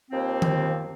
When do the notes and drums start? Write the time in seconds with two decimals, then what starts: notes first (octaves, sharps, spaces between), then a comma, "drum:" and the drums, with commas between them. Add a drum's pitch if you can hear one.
0.11 D#2 F3 A#3 C4
0.42 drum: tom D#3